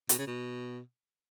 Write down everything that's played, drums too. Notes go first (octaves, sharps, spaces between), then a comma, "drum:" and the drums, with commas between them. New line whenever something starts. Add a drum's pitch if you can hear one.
B2, drum: hi-hat
C#3
B2